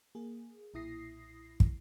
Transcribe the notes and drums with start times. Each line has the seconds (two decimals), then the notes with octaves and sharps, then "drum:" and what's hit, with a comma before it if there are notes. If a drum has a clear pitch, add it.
0.15 A#3 G#4
0.74 B1 A#2 E4 D#6 A#6 C7
1.60 drum: kick